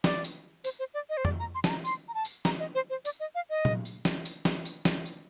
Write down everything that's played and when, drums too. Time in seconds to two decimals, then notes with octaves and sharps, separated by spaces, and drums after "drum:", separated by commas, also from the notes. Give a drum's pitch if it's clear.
0.04 D5, drum: snare
0.24 drum: tambourine
0.64 C5, drum: tambourine
0.79 C5
0.94 D5
1.09 D#5
1.17 C5
1.25 D5, drum: tom F2
1.39 A#5
1.55 C6
1.64 A5, drum: snare
1.70 A#5
1.85 C6, drum: tambourine
2.08 A#5
2.14 A5
2.25 drum: tambourine
2.45 A#5, drum: snare
2.60 D#5
2.75 C5
2.90 C5
3.05 D5, drum: tambourine
3.20 D#5
3.35 F5
3.50 D#5
3.65 drum: tom A#2
3.85 drum: tambourine
4.05 drum: snare
4.25 drum: tambourine
4.45 drum: snare
4.65 drum: tambourine
4.85 drum: snare
5.05 drum: tambourine